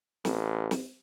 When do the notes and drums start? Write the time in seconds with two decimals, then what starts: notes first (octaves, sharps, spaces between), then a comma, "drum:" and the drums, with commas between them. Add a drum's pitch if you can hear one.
0.25 A1, drum: snare
0.71 drum: snare